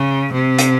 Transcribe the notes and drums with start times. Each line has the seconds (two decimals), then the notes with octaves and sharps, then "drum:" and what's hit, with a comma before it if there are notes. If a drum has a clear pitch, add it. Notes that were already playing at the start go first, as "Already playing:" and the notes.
Already playing: C#3
0.34 C3
0.59 drum: hi-hat